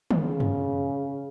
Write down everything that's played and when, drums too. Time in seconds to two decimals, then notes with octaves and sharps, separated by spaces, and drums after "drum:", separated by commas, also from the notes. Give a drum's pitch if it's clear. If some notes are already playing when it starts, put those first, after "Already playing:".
0.11 drum: tom
0.22 C#3
0.40 drum: tom F#2